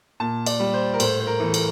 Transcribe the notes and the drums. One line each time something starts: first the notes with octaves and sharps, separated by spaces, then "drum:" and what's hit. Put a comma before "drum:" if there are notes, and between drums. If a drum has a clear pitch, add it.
A#2 A5
D5, drum: cymbal
G3
C5
A#4
A2 C5, drum: cymbal
C5
A#4
E3 A3
A#4, drum: cymbal